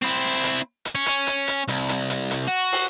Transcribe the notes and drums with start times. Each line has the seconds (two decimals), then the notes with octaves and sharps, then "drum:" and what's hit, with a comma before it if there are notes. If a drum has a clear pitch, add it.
0.02 C4 E4
0.44 drum: hi-hat
0.85 drum: hi-hat
0.95 C#4
1.06 drum: hi-hat
1.27 drum: hi-hat
1.48 drum: hi-hat
1.68 C2, drum: hi-hat
1.89 drum: hi-hat
2.10 drum: hi-hat
2.31 drum: hi-hat
2.47 F#4
2.72 drum: open hi-hat